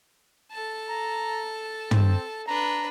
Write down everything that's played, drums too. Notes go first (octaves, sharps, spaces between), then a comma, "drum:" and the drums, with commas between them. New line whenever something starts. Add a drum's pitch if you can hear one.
A4 A5
A#5
C4, drum: tom
D4 B4 A#5